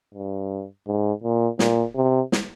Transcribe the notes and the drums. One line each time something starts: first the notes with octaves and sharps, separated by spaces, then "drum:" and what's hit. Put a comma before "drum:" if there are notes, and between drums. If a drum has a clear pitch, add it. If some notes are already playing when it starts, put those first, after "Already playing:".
G2
G#2
A#2
A#2, drum: snare
C3
drum: snare